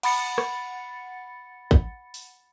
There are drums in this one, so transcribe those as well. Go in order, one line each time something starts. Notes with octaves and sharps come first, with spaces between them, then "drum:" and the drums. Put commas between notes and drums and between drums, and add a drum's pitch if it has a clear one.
F#5 B5 A6 C#7, drum: cymbal
drum: rim click
drum: kick A1
drum: open hi-hat